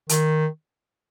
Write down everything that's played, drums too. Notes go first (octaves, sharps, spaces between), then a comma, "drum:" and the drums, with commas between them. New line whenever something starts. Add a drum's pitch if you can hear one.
D#3, drum: hi-hat